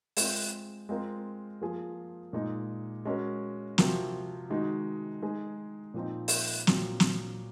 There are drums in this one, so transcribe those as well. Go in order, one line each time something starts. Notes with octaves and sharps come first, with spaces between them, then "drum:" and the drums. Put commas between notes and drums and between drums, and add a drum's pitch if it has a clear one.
G#3 C4 F4, drum: open hi-hat
G#3 C4 F4 A#4
F3 A#3 F4 G#4
A#2 G#3 D#4
G#3 C#4 F#4 A#4
C3 F3 C4 F#4 A#4, drum: snare
D#3 G#3 D#4 F#4
G#3 D#4 G#4
A#2 F3 C4 D#4
drum: open hi-hat
A#2 F#3 C4, drum: snare
drum: snare